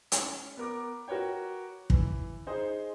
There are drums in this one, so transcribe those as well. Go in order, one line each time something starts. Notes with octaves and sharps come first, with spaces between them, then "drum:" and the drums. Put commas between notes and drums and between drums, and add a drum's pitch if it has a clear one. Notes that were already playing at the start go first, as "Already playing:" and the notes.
C#4 C#7, drum: hi-hat
B3 A#4 D6
F#4 A#4 B4 C#5 G5
E3, drum: kick
D#4 G#4 C5 D#6